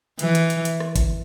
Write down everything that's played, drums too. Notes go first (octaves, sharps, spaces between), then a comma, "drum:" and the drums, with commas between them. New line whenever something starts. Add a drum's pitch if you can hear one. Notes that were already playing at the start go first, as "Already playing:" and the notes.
E3, drum: hi-hat
drum: hi-hat
drum: hi-hat
drum: hi-hat
drum: rim click
drum: kick G1, hi-hat